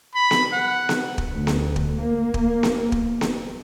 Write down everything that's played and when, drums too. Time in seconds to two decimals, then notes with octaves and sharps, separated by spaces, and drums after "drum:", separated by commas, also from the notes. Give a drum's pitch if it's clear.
0.15 B5
0.31 drum: snare B3
0.53 F#5
0.89 drum: snare B3
1.18 drum: kick
1.32 D2
1.47 drum: snare B3
1.76 drum: kick
1.99 A#3
2.34 drum: kick
2.63 drum: snare B3
2.92 drum: kick
3.21 drum: snare B3